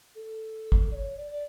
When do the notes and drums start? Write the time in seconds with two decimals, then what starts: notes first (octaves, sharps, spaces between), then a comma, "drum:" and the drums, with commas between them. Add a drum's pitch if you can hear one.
0.15 A4
0.72 drum: kick
0.91 D5
0.95 C#5
1.16 D5
1.31 D5